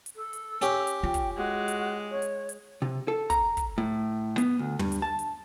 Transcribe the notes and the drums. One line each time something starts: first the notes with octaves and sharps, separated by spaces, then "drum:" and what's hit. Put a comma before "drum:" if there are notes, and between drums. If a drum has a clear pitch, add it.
drum: hi-hat
A4
drum: hi-hat
C#4 G4, drum: hi-hat
drum: hi-hat
F4 G5
drum: kick, hi-hat
G#3 F#4
drum: hi-hat
C#5
drum: hi-hat
drum: hi-hat
C3
A4
A#5, drum: kick, hi-hat
drum: kick, hi-hat
A2
B3, drum: hi-hat
D2
G2, drum: tom
drum: hi-hat
A5
drum: hi-hat